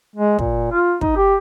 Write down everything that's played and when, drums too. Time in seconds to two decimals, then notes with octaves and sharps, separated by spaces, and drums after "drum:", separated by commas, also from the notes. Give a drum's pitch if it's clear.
0.15 G#3
0.39 A#2, drum: kick
0.71 F4
1.01 D#4, drum: kick
1.16 G4